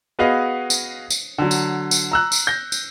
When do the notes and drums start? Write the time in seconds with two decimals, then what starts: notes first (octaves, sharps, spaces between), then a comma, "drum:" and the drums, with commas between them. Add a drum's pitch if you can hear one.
0.19 B3 F#4 G#4 B4 D#5 F5
0.70 drum: tambourine
1.10 drum: tambourine
1.38 D3 F#3
1.51 drum: tambourine
1.91 drum: tambourine
2.12 A#5 E6 F#6
2.32 drum: tambourine
2.47 G6 A#6
2.72 drum: tambourine